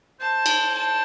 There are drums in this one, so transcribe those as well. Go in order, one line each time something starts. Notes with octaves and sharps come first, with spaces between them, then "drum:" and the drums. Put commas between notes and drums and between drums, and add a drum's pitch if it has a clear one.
C5 A5
drum: cymbal
A5